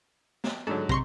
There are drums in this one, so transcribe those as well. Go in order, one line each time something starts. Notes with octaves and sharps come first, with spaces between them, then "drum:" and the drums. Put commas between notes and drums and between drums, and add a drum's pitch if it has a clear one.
drum: snare
G#2 D3 F#3 A4
C3 A#5 C6 C#6, drum: kick